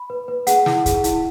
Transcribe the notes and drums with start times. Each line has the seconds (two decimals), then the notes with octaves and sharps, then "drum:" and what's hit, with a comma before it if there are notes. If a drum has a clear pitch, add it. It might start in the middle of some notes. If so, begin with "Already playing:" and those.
Already playing: B5
0.10 B4
0.28 B4
0.47 G#4 F#5, drum: hi-hat
0.66 E4, drum: snare
0.86 G#4, drum: kick, hi-hat
1.04 E4, drum: hi-hat